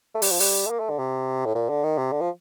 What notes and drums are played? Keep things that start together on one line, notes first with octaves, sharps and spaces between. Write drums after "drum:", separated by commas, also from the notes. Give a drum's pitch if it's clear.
A3
G3, drum: open hi-hat
F3
G3, drum: open hi-hat
A3
A#3
A3
D3
C3
A2
A#2
D3
D#3
C3
D3
F3